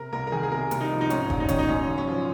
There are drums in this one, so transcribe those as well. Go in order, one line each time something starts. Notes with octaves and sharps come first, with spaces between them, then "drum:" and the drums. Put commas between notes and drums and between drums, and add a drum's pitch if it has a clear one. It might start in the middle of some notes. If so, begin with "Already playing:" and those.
Already playing: C3 A#4
C2 A#4
A#4
D#3 G#4
G#4
C3 A#4
C2, drum: hi-hat
D#4
F3
D#4
G#2 C#4, drum: hi-hat
A#1, drum: kick
D#4
D#3 C#4, drum: kick, hi-hat
D#4
F#2 C#4
F#1
C#4
F3